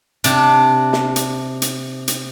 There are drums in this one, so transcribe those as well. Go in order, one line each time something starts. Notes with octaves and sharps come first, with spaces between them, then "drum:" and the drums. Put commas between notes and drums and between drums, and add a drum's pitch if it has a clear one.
C3 D4, drum: hi-hat
drum: snare
drum: hi-hat
drum: hi-hat
drum: hi-hat